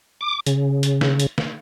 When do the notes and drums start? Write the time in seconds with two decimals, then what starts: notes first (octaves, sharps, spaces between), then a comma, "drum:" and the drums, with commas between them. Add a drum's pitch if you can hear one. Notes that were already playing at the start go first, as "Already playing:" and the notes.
0.21 D6
0.46 C#3, drum: hi-hat
0.83 drum: hi-hat
1.01 drum: snare
1.20 drum: hi-hat
1.38 drum: snare